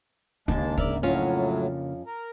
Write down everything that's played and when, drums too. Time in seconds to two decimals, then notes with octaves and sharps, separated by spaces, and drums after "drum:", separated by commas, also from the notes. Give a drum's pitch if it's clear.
0.48 D#2 C#3 G#3 A#3 D4 A5, drum: kick
0.78 G#2 A#4 D5 E5, drum: kick
1.03 F2 A2 F#3 C#4 F4
2.06 A#4